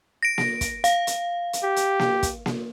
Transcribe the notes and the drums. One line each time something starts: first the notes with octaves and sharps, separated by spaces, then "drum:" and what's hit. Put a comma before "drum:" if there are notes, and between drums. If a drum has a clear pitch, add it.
A#6 D7
drum: snare A#3
drum: kick, hi-hat
F5, drum: hi-hat
drum: hi-hat
drum: hi-hat
G4
drum: hi-hat
drum: snare A#3
drum: kick, hi-hat
drum: snare A#3